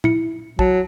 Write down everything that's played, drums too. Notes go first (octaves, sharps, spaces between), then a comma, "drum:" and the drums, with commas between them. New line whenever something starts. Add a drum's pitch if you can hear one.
E4 C#7, drum: tom
F#3 A5, drum: kick